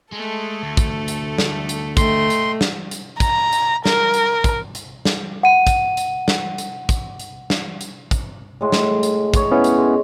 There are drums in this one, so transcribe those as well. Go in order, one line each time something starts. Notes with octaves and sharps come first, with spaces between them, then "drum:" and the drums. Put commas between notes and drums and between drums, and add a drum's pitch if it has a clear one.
G#3 A3 A4
D2
drum: kick, hi-hat
drum: hi-hat
drum: snare
drum: hi-hat
A3 D#5 G5 C6, drum: kick, hi-hat
drum: hi-hat
drum: snare
drum: hi-hat
A#5, drum: kick, hi-hat
drum: hi-hat
A#4, drum: snare
drum: hi-hat
drum: kick, hi-hat
drum: hi-hat
drum: snare
F#5 D#7
drum: kick, hi-hat
drum: hi-hat
drum: snare
drum: hi-hat
drum: kick, hi-hat
drum: hi-hat
drum: snare
drum: hi-hat
drum: kick, hi-hat
A2 G#3
drum: snare
drum: hi-hat
C#5 D#5, drum: kick, hi-hat
B3 C#4 E4
drum: hi-hat
G#3